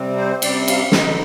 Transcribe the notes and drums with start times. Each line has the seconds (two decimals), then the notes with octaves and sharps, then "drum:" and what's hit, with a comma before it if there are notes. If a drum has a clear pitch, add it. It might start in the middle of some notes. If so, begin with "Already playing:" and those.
Already playing: C3 G3 C4
0.17 C5
0.42 C3 G3 C4 D5, drum: cymbal
0.68 F5, drum: cymbal
0.92 D3 G#3 C4 D#4 D#5, drum: snare